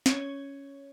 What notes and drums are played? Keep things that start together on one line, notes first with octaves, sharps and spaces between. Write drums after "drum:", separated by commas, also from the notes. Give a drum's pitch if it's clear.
C#4 C#5, drum: snare